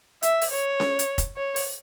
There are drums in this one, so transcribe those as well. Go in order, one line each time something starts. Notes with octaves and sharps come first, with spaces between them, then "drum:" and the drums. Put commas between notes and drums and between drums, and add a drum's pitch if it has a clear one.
E5, drum: hi-hat
drum: open hi-hat
C#5
drum: snare C#4
drum: hi-hat
drum: kick F1, hi-hat
C#5
drum: open hi-hat